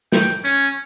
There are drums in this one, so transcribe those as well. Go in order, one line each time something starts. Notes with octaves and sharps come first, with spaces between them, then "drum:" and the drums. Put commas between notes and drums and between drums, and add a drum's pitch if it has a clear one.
G5, drum: snare
C#4